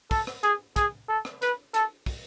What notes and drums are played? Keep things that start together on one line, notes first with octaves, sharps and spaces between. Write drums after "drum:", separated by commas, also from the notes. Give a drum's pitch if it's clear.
A4, drum: kick, open hi-hat
drum: rim click
G#4, drum: hi-hat
G#4, drum: kick, hi-hat
A4
drum: rim click
B4, drum: hi-hat
A4, drum: hi-hat
drum: kick, open hi-hat